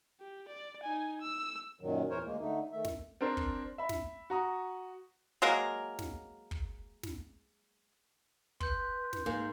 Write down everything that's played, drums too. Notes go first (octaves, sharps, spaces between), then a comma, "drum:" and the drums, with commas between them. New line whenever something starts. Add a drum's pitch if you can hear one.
G4
D5
D#4 G#5
E6
F#2 A#2 D#3 F#3
E2 A#2 E3 A#4 C5 C#5
D2 G#3 A#3
D3 A3 D#4
D#3 A3 E5
drum: snare
C4 D4 A#4 C5
drum: kick
E5 B5
drum: snare
F#4 A#5 D#6
F#3 G#3 A#3 A#4
drum: snare
drum: kick
drum: snare
B4 C6 G6, drum: kick
drum: snare
G#2 A#3